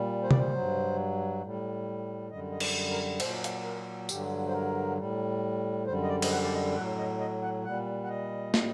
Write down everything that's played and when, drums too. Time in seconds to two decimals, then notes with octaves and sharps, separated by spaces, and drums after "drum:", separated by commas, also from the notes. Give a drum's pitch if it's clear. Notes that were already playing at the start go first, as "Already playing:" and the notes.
Already playing: A#2 G3
0.23 C5
0.31 D5, drum: tom C3
0.38 C5
0.53 G2 F#3
1.41 A2 G3
2.30 F#2 D3 G3 D#5
2.51 D#5
2.60 D5, drum: cymbal
2.90 A#4
3.20 A#2 F#3 C5, drum: cymbal
3.44 drum: hi-hat
3.64 A#4
4.09 G2 D3 F#3 G4, drum: tambourine
4.48 C5
4.53 A#4
4.97 A2 G3
5.87 F#2 D3 G3 C5
6.03 D#5
6.09 D5
6.22 D#5, drum: cymbal
6.31 F#5
6.43 D5
6.53 D#5
6.76 A2 F#3 F#5
6.98 D#5
7.20 D#5
7.42 F#5
7.65 A#2 G3 F#5
8.04 F#5
8.09 D#5
8.54 A2 G3, drum: snare